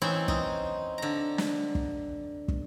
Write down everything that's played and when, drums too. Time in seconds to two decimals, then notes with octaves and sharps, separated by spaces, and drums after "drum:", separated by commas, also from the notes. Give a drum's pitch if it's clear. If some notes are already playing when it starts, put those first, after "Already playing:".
0.02 E3 C4 C#4 D#4 E4
0.28 D#4, drum: kick
0.98 D3 A#5
1.38 drum: snare
1.75 drum: kick
2.48 drum: kick